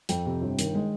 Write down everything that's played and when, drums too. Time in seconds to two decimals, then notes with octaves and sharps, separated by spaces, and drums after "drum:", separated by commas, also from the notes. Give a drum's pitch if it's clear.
0.09 F2 G5, drum: hi-hat
0.26 C3
0.42 G1
0.59 D#3, drum: hi-hat
0.75 G#3